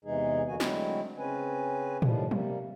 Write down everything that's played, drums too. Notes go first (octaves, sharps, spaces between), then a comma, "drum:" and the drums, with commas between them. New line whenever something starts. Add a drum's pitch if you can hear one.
E2 C3 E3 G#3 D#4 G#4
F2 D3 A#3 F#4 G#5
D3 F#3 G#3 A3 C4 E4, drum: snare
C#3 C4 C#4 B4 G#5
A2 D#3 F3 G3, drum: tom
C3 G3 A#3, drum: tom